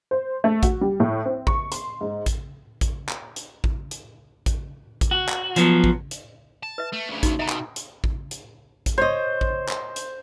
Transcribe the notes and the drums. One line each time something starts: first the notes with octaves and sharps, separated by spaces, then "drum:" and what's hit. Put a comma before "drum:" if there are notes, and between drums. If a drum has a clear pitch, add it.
C5
A3
F#4, drum: kick A1, hi-hat
G3
A2
C4
C#6, drum: kick A1
C6, drum: hi-hat
G#2
drum: kick A1, hi-hat
drum: kick A1, hi-hat
drum: clap
drum: hi-hat
drum: kick A1
drum: hi-hat
drum: kick A1, hi-hat
drum: kick A1, hi-hat
F#4
drum: clap
F3 F#3 B3, drum: hi-hat
drum: kick A1
drum: hi-hat
A5
B4 E5
A3
D2 C#3
D#4 F#4, drum: kick A1, hi-hat
B2 E5 A#5
drum: clap
drum: hi-hat
drum: kick A1
drum: hi-hat
drum: kick A1, hi-hat
C5 C#5 D#5
drum: kick A1
drum: clap
drum: hi-hat